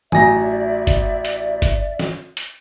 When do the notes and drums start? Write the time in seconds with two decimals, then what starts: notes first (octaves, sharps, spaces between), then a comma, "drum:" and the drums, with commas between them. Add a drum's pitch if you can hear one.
0.12 A1 F#3 D#4 D5 E5 G#5 A#6, drum: tom
0.87 drum: kick, hi-hat
1.25 drum: hi-hat
1.62 drum: kick, hi-hat
1.99 drum: snare
2.37 drum: hi-hat